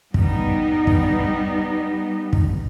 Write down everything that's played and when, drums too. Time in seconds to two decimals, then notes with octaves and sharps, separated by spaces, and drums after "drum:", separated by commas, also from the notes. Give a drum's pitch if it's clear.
0.14 G3 B3 D#4, drum: kick
0.87 drum: kick
2.33 drum: kick